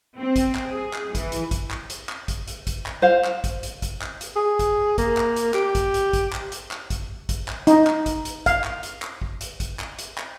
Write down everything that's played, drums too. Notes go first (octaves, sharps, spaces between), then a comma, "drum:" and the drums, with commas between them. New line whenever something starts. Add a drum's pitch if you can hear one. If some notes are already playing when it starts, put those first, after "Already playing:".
C4
drum: kick A1, hi-hat
drum: clap
G#4
drum: clap
E3, drum: kick A1, hi-hat
drum: hi-hat
drum: kick A1, hi-hat
drum: clap
drum: hi-hat
drum: clap
drum: kick A1, hi-hat
drum: hi-hat
drum: kick A1, hi-hat
drum: clap
C5 F5
drum: clap
drum: kick A1, hi-hat
drum: hi-hat
drum: kick A1, hi-hat
drum: clap
drum: hi-hat
G#4
drum: kick A1, hi-hat
A#3, drum: kick A1, hi-hat
drum: clap
drum: hi-hat
G4, drum: clap
drum: kick A1, hi-hat
drum: hi-hat
drum: kick A1, hi-hat
drum: clap
drum: hi-hat
drum: clap
drum: kick A1, hi-hat
drum: kick A1, hi-hat
drum: clap
D#4, drum: hi-hat
drum: clap
drum: kick A1, hi-hat
drum: hi-hat
F5, drum: kick A1, hi-hat
drum: clap
drum: hi-hat
drum: clap
drum: kick A1
drum: hi-hat
drum: kick A1, hi-hat
drum: clap
drum: hi-hat
drum: clap